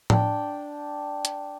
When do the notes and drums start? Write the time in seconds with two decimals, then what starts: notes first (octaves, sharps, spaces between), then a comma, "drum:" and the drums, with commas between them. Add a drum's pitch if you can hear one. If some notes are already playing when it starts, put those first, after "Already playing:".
0.10 D4 G5, drum: tom A2
1.25 drum: hi-hat